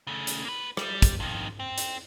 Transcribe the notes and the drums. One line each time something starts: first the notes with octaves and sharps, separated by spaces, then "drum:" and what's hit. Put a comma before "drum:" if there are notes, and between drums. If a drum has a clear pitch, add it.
C#3 A3
drum: hi-hat
A#3 B4
G3, drum: rim click
drum: kick, hi-hat
F2 D#3
C4
drum: hi-hat